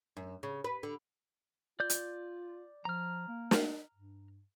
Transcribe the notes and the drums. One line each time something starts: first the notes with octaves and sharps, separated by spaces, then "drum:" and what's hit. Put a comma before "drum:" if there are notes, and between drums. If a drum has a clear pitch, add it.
F#2
C#3
B4
D3
F4 D5 G6
drum: hi-hat
F3 A#5 F6
A#3
drum: snare
G2